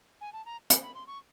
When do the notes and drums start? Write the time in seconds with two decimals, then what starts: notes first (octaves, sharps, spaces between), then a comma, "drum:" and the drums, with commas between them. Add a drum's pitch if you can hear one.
0.21 G#5
0.33 A5
0.45 A#5
0.70 B5, drum: hi-hat
0.82 B5
0.95 C6
1.07 C#6